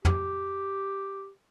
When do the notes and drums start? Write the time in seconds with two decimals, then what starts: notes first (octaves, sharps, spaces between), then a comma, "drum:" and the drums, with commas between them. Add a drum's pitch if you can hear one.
0.05 G4, drum: tom